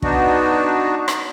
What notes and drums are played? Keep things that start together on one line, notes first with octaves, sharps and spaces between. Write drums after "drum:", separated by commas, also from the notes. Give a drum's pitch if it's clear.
B3 D4 D#4 F#4, drum: kick
drum: rim click